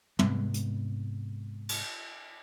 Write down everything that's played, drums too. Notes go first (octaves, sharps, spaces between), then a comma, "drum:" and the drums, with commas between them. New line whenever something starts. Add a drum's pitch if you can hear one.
G#2 C3 G#3 B3, drum: tom
drum: hi-hat
drum: cymbal